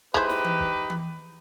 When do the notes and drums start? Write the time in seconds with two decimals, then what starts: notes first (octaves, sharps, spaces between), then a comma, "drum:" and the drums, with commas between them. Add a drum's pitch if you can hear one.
0.14 G#3 D#4 E4 G4 B4 C5, drum: kick
0.29 drum: snare
0.44 drum: tom E3
0.60 drum: kick
0.90 drum: tom E3